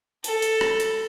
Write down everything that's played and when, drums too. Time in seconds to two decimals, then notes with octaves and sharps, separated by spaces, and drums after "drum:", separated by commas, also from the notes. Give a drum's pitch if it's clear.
0.24 A4, drum: hi-hat
0.42 drum: hi-hat
0.61 drum: rim click
0.80 drum: hi-hat